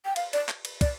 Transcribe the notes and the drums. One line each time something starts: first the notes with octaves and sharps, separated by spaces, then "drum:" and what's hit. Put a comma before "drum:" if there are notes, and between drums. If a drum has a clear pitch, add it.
G5
F5, drum: cymbal
D5, drum: cymbal
drum: clap
drum: cymbal
D5, drum: kick, cymbal